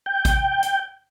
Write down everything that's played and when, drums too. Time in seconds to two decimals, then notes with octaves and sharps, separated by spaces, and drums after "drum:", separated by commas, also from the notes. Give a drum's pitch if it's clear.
0.06 G5
0.25 drum: kick, hi-hat
0.63 drum: hi-hat